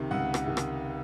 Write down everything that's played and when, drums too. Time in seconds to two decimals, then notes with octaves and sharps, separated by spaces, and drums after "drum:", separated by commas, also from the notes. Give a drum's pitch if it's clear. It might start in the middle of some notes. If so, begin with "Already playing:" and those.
Already playing: C#2 C3 D#3
0.11 C#2 F#5
0.34 drum: rim click
0.46 C3 D#3
0.57 drum: rim click